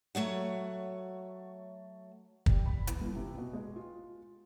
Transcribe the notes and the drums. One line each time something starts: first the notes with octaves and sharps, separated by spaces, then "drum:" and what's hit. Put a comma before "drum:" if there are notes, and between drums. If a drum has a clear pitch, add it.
F#3 A3 C#5 F#5
G3, drum: kick
B5
E2, drum: hi-hat
G1
C3
B2
G#3
F4